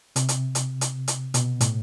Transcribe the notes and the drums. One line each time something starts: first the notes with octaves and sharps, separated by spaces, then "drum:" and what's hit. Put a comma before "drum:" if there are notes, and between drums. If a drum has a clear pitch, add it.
C3, drum: hi-hat
drum: hi-hat
drum: hi-hat
drum: hi-hat
drum: hi-hat
B2, drum: hi-hat
A2, drum: hi-hat